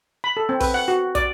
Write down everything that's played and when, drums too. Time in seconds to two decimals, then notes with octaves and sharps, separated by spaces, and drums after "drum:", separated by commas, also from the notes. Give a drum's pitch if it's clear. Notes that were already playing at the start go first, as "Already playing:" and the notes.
0.24 B5
0.37 A4
0.49 C4
0.60 B4, drum: kick, open hi-hat
0.74 F#5
0.88 F#4
1.15 D5, drum: kick, hi-hat